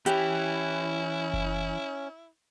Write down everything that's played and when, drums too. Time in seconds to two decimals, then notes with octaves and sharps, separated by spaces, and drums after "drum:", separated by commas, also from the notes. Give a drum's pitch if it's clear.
0.06 E3 C#4 E4 G4, drum: hi-hat
1.33 drum: kick F#1